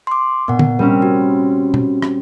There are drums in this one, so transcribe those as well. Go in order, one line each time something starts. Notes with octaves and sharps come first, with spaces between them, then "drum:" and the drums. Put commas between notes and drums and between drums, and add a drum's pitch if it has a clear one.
C6 D6
A#2 B3 F#5
drum: tom
G3 C4 C#4 A#4
F#4
drum: tom
drum: rim click